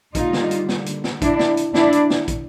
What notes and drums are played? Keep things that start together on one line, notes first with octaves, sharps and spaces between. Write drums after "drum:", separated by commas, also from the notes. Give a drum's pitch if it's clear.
D3 G3 A#3 D#4 F4, drum: kick, hi-hat
drum: snare
drum: hi-hat
drum: snare
drum: hi-hat
drum: snare
D4 E4, drum: kick, hi-hat
drum: snare
drum: hi-hat
D4 E4, drum: snare
drum: hi-hat
drum: snare
drum: kick, hi-hat